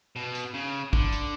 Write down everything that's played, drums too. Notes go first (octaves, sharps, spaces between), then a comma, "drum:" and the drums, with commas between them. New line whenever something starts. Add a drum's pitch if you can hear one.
B2
drum: tambourine
C#3
D3, drum: kick A1
drum: tambourine